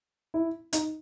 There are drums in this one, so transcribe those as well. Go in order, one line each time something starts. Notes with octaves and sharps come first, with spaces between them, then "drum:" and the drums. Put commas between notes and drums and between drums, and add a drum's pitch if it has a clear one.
E4
D#4, drum: hi-hat